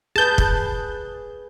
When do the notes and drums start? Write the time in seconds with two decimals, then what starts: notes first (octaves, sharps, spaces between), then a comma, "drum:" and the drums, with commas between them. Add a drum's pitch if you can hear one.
0.16 G#4 B4 A5 G6
0.38 drum: kick